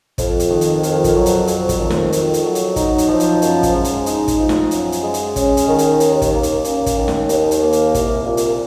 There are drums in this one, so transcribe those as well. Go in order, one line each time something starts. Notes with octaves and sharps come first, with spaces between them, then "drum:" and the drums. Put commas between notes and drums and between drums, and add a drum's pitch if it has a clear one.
F2, drum: kick, hi-hat
drum: hi-hat
D#3
drum: hi-hat
F2, drum: hi-hat
drum: kick, hi-hat
F#3
drum: hi-hat
F2, drum: hi-hat
drum: kick, hi-hat
D#3
drum: snare
F2, drum: hi-hat
drum: hi-hat
F#3
drum: hi-hat
D#4, drum: kick, hi-hat
drum: hi-hat
F3
drum: hi-hat
F#2, drum: hi-hat
drum: kick, hi-hat
G#3
drum: hi-hat
D#4, drum: hi-hat
drum: kick, hi-hat
F3
drum: snare
F#2, drum: hi-hat
drum: hi-hat
G#3
drum: hi-hat
C#4, drum: kick, hi-hat
drum: hi-hat
D#3
drum: hi-hat
D#2, drum: hi-hat
drum: kick, hi-hat
A#3
drum: hi-hat
C#4, drum: hi-hat
drum: kick, hi-hat
D#3
drum: snare
D#2, drum: hi-hat
drum: hi-hat
A#3
drum: hi-hat
C2, drum: kick, hi-hat
A#2
drum: hi-hat